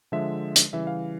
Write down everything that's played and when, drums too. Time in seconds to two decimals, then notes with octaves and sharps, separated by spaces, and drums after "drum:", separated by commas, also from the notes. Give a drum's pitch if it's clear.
0.12 D3 F3 G#3 E5
0.56 drum: hi-hat
0.73 C#3 E3 G3 E5
0.87 F5